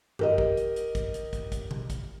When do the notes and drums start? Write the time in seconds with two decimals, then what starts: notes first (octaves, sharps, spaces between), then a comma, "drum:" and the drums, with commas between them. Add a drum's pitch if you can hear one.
0.19 G4 A#4 D#5, drum: tom F#2
0.38 drum: kick
0.57 drum: hi-hat
0.76 drum: hi-hat
0.95 drum: kick, hi-hat
1.14 drum: hi-hat
1.33 drum: kick, hi-hat
1.52 drum: kick, hi-hat
1.71 drum: tom B2
1.90 drum: kick, hi-hat